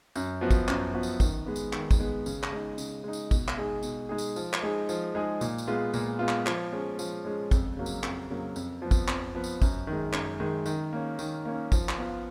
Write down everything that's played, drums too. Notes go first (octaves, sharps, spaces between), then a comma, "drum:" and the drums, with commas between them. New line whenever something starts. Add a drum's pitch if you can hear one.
F#2, drum: tambourine
F3 B3 F#4
drum: kick, tambourine
F#2, drum: clap
F3 B3 F#4
drum: tambourine
D#3, drum: kick, tambourine
G#3 B3
drum: tambourine
D#3, drum: clap
drum: kick, tambourine
G#3 B3
C#3, drum: tambourine
drum: clap
G#3 D#4
C#3, drum: tambourine
G#3 D#4
drum: tambourine
B2, drum: kick, tambourine
drum: clap
G#3 D#4 G#4
B2, drum: tambourine
G#3 D#4 G#4
drum: tambourine
F3, drum: tambourine
drum: clap
G#3 D#4 G#4
F3, drum: tambourine
G#3 D#4 G#4
A#2, drum: tambourine
drum: tambourine
G#3 B3 F4
A#2, drum: tambourine
G#3 B3 F4
drum: clap
F3, drum: clap
G#3 C#4
F3, drum: tambourine
G#3 C#4
F2, drum: kick, tambourine
C#3 F#3 A#3
drum: tambourine
F2, drum: clap
C#3 F#3 A#3
F2, drum: tambourine
F3 B3
drum: kick, tambourine
F2, drum: clap
F3 B3
drum: tambourine
F#2, drum: kick, tambourine
D#3
G#3
F#2, drum: clap
D#3 G#3
D#3, drum: tambourine
A#3 C#4
D#3, drum: tambourine
A#3 C#4
F3, drum: kick, tambourine
drum: clap
B3 F4